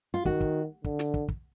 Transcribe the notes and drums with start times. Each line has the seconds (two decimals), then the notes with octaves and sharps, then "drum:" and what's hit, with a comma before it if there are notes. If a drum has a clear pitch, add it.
0.14 F4
0.25 D#3 F#4, drum: kick
0.41 drum: kick
0.84 D3, drum: kick
0.99 drum: snare
1.14 drum: kick
1.28 drum: kick